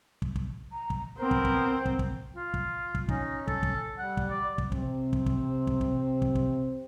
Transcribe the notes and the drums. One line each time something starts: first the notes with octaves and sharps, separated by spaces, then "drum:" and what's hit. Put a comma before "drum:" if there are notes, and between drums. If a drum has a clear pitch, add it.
drum: kick
drum: kick
A#5
drum: kick
B3 C4 A#4 C5 C6
drum: kick
drum: kick
drum: kick
drum: kick
F4
drum: kick
drum: kick
C#4 D#4, drum: kick
A4, drum: kick
drum: kick
G3 F#5
drum: kick
D5
drum: kick
C3 C4, drum: kick
drum: kick
drum: kick
drum: kick
drum: kick
drum: kick
drum: kick